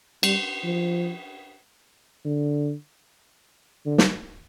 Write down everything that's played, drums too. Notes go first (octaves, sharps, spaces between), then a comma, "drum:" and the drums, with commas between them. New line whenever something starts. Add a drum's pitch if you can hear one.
G3, drum: cymbal
F3
D3
D3
drum: snare